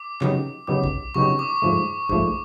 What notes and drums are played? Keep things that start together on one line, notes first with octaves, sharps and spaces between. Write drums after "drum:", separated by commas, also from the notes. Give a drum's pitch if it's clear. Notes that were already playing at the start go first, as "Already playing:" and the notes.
Already playing: D6
C#3 F#3 B3 D#4 G4, drum: clap
C#3 F#3 B3 D#4 G4 D6
drum: kick
C#3 F#3 B3 D#4 G4 C#6
D6
G#2 F3 A3
G#2 F3 A3, drum: kick